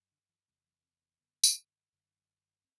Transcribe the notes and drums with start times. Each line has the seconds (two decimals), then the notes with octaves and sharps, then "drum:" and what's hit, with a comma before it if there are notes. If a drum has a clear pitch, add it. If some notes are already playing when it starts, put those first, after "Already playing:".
Already playing: F#2
0.12 D3
0.29 E3
0.47 E2 C3 G3
0.66 F#3
0.83 C4
1.01 C4
1.19 F#2 D3 B3
1.44 drum: tambourine
1.93 F#2 D3
2.64 C4